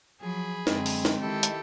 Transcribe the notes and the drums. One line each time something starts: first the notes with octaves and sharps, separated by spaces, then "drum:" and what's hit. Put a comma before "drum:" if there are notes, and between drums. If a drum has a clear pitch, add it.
F3 F#3 G#4 B5
F#2 D3 G#3 C4, drum: snare
drum: open hi-hat
drum: snare
D#3 E4 G4 A4
drum: hi-hat